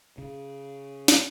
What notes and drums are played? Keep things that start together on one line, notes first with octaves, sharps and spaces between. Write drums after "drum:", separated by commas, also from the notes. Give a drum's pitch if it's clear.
C#3
drum: snare